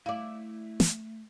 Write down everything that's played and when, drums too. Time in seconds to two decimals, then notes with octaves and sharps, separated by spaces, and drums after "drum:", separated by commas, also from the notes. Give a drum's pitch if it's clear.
0.06 A3 E4 D5 F5
0.80 drum: snare